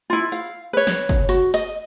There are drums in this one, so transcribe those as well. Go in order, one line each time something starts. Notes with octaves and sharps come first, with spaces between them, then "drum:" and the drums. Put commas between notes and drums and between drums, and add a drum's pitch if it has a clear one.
E4 F4
F5
B4 C#5
drum: snare
drum: kick
F#4, drum: hi-hat
D#5, drum: hi-hat